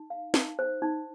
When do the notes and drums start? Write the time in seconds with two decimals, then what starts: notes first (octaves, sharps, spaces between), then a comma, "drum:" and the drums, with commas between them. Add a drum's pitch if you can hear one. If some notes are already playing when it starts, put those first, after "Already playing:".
Already playing: D#4
0.10 F5
0.34 D#4, drum: snare
0.59 C5
0.82 D#4